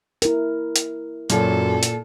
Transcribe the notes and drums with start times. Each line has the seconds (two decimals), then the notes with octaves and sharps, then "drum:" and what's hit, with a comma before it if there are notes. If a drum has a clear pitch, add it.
0.22 E4 A#4, drum: hi-hat
0.76 drum: hi-hat
1.30 F#2 A#2 A4, drum: hi-hat
1.83 drum: hi-hat